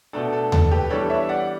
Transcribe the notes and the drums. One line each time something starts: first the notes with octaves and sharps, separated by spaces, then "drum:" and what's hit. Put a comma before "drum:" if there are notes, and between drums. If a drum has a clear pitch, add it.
B2 A3 D4 A4
A4
A4, drum: tom D#2
G4 B4
E3 G3 B3 D4 A4 C#5
C#5 E5
D5 F#5